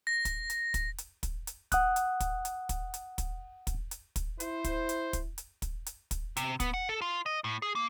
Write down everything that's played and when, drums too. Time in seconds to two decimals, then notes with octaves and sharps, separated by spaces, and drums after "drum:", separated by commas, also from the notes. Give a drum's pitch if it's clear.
0.07 A#6
0.25 drum: kick, hi-hat
0.50 drum: hi-hat
0.74 drum: kick, hi-hat
0.98 drum: hi-hat
1.23 drum: kick, hi-hat
1.47 drum: hi-hat
1.72 F#5 D#6 F#6, drum: kick, hi-hat
1.96 drum: hi-hat
2.20 drum: kick, hi-hat
2.45 drum: hi-hat
2.69 drum: kick, hi-hat
2.94 drum: hi-hat
3.18 drum: kick, hi-hat
3.67 drum: kick, hi-hat
3.91 drum: hi-hat
4.16 drum: kick, hi-hat
4.40 E4 C5, drum: hi-hat
4.64 drum: kick, hi-hat
4.89 drum: hi-hat
5.13 drum: kick, hi-hat
5.38 drum: hi-hat
5.62 drum: kick, hi-hat
5.86 drum: hi-hat
6.11 drum: kick, hi-hat
6.37 C3, drum: hi-hat
6.60 B3, drum: kick, hi-hat
6.74 F#5
6.89 A4
7.02 F4
7.26 D#5
7.44 A2
7.62 G#4
7.75 A#3